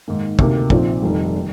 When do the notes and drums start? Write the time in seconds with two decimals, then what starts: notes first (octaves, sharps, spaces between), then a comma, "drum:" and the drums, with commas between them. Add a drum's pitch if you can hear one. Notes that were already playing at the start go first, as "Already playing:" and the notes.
0.08 G#2 D#3 A#3
0.39 D2 C3 D#3 A#3, drum: kick
0.70 A#1 A#2 F3 C4 D#4, drum: kick
1.03 F1 F2 D#3 G3
1.36 D#3 G3